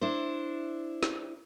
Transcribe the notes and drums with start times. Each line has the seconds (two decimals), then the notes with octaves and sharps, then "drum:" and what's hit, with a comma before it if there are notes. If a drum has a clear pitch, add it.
0.01 D4 E4 C5
1.03 drum: snare